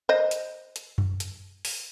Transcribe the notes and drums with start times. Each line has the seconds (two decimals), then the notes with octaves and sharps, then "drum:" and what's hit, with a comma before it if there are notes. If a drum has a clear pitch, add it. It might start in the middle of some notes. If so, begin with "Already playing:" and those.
0.09 C5 D#5
0.31 drum: hi-hat
0.76 drum: hi-hat
0.98 drum: tom F#2
1.20 drum: hi-hat
1.65 drum: open hi-hat